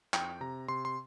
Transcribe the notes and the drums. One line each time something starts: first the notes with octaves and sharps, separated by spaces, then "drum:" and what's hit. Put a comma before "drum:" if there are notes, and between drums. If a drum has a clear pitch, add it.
F2 G5, drum: clap
C3 A#5
C3 C6
C6